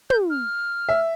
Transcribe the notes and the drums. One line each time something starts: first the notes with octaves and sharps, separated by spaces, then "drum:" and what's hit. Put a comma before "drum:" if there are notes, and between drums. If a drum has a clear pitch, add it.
G6, drum: tom
F6
E5